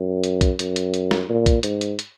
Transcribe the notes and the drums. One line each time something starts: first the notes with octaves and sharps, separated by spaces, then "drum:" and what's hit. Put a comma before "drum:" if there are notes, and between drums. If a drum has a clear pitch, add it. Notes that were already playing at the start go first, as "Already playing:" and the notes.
Already playing: F#2
drum: hi-hat
drum: kick B1, hi-hat
F#2, drum: hi-hat
drum: hi-hat
drum: hi-hat
drum: snare
A#2
drum: kick B1, hi-hat
G#2, drum: hi-hat
drum: hi-hat
drum: hi-hat